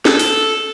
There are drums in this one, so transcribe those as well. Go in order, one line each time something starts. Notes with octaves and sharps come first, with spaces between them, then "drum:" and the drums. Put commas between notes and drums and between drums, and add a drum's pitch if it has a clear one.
A4, drum: snare
drum: open hi-hat